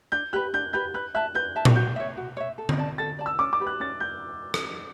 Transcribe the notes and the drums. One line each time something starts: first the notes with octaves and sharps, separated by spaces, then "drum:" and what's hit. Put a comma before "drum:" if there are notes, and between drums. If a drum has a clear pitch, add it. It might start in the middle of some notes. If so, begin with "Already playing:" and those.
D4 G6
G4 B4 F#6
D4 G6
G4 B4 G6
B4 F#6
E5 A5 F#6
B4 G6
E5 A5
drum: tom A#2
F#4 G6
C#5 E5
F#4
C#5 E5
A4
drum: tom D3
D5 A5
A4 A6
D5 A5
E6
C#4 D6
D6
G4 B4
F#6
C#4 A6
G6
drum: rim click